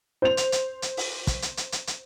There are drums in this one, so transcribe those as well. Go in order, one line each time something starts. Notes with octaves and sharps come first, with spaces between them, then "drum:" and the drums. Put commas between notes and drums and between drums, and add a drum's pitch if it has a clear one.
C5 F7
drum: hi-hat
drum: hi-hat
drum: hi-hat
drum: open hi-hat
drum: kick, hi-hat
drum: hi-hat
drum: hi-hat
drum: hi-hat
drum: hi-hat